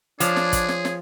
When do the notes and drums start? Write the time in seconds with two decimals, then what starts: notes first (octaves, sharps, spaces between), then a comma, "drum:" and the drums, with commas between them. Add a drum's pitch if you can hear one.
0.20 F3 D4 G#4 C#5, drum: hi-hat
0.36 drum: snare
0.53 drum: kick, hi-hat
0.69 drum: snare
0.85 drum: snare